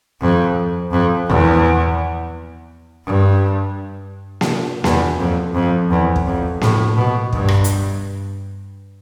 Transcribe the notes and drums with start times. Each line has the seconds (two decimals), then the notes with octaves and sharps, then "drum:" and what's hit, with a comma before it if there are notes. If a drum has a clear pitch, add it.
0.21 F2
0.92 F2
1.28 E2
3.05 G2
4.41 drum: snare A#3
4.84 E2, drum: snare A#3
5.19 F2
5.54 F2
5.90 E2
6.16 drum: kick
6.26 F2
6.61 A2, drum: snare A#3
6.97 B2
7.33 G2, drum: kick
7.48 drum: rim click
7.64 drum: hi-hat